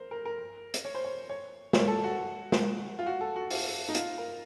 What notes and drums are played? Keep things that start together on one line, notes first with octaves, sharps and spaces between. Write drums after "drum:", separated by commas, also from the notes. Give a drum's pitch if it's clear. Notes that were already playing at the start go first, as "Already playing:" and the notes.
Already playing: A#4 C5
A#4
A#4
drum: hi-hat
C#5
C5
C#5
C#5
C#5, drum: snare
A4
F#4
drum: snare
F4
F#4
A4
F#4
F4, drum: open hi-hat
D#4
F4, drum: hi-hat
A#4